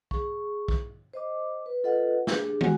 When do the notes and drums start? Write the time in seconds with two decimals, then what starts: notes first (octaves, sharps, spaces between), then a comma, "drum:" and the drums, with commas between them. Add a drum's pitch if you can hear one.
0.11 G#4 C#6, drum: kick
0.68 drum: kick
1.14 C5 D#5 D6
1.66 B4
1.84 F4 A4 B4 D#5 F#5
2.27 D4 G4 G#4, drum: snare
2.61 G#3 F#4 F#5 G#5, drum: tom